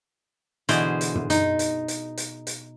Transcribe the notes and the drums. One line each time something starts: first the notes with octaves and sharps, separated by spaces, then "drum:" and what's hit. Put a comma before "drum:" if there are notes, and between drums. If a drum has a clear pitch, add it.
B2 D3 E3 G#4 C5, drum: hi-hat
drum: hi-hat
drum: tom
D#4, drum: hi-hat
drum: hi-hat
drum: hi-hat
drum: hi-hat
drum: hi-hat